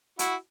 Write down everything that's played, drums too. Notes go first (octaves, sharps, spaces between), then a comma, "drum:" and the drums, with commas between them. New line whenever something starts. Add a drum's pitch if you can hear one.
E4 F#4, drum: hi-hat